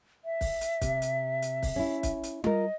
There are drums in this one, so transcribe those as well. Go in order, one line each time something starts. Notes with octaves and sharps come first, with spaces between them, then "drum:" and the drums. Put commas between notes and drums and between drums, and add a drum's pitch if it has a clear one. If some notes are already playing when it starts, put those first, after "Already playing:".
E5
drum: kick, open hi-hat
drum: hi-hat
C3, drum: kick, hi-hat
drum: hi-hat
drum: hi-hat
drum: kick, open hi-hat
C#4 E4
drum: kick, hi-hat
drum: hi-hat
F4 A#4 D#5, drum: tom G3